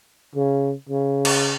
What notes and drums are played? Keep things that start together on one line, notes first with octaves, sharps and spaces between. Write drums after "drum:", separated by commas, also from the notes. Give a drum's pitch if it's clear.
C#3
C#3
drum: cymbal